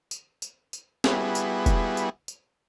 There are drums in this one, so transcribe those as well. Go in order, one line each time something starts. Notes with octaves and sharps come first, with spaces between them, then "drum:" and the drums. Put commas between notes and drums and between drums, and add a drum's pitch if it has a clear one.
drum: tambourine
drum: tambourine
drum: tambourine
G3 B3 E4 F#4 G#4, drum: snare
drum: tambourine
drum: kick, tambourine
drum: tambourine
drum: tambourine